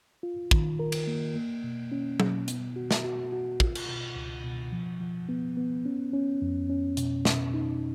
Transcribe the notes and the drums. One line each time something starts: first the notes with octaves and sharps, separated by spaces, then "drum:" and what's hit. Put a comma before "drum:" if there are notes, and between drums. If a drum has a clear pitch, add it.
F4
D#3, drum: kick
A#4
drum: cymbal
A#3
A#3
B2
C#4
B2, drum: tom F#3
B3, drum: hi-hat
F#4
drum: snare
F#4
F#4
F4, drum: kick
drum: cymbal
B2
C#2
B2
F3
F3
B3
B3
C#4
C#4
F2
C#4
B2, drum: hi-hat
B2, drum: snare
D#4